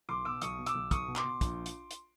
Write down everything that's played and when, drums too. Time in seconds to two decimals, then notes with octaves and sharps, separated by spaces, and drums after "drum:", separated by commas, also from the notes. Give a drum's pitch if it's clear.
0.09 B1 C6 D6
0.25 B2 D6 E6
0.42 B1 C#6 D#6, drum: hi-hat
0.58 B2
0.66 D6 E6, drum: hi-hat
0.75 B1
0.91 B1 C#6 D#6, drum: kick, hi-hat
1.08 B2
1.16 C6 D6, drum: clap
1.24 B2
1.41 A#1, drum: kick, hi-hat
1.66 drum: hi-hat
1.91 drum: hi-hat